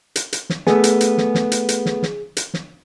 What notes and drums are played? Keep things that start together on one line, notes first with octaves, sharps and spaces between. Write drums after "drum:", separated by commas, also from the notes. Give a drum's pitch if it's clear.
drum: hi-hat
drum: hi-hat
drum: snare
A3 B3 G#4, drum: snare
drum: hi-hat
drum: hi-hat
drum: snare
drum: snare
drum: hi-hat
drum: hi-hat
drum: snare
drum: snare
drum: hi-hat
drum: snare